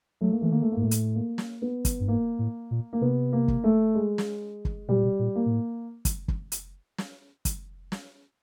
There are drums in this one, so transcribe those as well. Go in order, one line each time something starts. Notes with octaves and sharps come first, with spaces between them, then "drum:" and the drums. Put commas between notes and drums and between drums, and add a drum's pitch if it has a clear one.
F#3 A3
A#3
E3 A3
D#3 A#3
A3
A#3
G#2
A2 A3
drum: hi-hat
A#3
drum: snare
B3
drum: kick, hi-hat
G2
G#2 A#3
A2
A#2
A#3
C3 B3
A#3
drum: kick
A3
G#3
drum: snare
drum: kick
B2 G3
A#2
B2
A#2
A#3
A#2
A2
drum: kick, hi-hat
drum: kick
drum: hi-hat
drum: snare
drum: kick, hi-hat
drum: snare